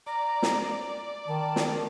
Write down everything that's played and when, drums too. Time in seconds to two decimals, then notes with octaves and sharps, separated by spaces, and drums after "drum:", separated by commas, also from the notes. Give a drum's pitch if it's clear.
0.07 D5 A#5
0.43 drum: snare
1.28 D#3 A5
1.56 drum: snare